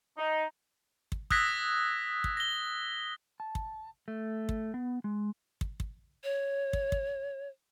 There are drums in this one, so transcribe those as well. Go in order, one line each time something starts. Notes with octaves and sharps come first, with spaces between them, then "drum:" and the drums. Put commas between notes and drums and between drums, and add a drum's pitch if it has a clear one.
D#4
drum: kick
D#6 E6 F#6 G#6 A#6 B6, drum: kick
drum: kick
A#6 G7
A5
drum: kick
A3
drum: kick
B3
G#3
drum: kick
drum: kick
C#5
drum: kick
drum: kick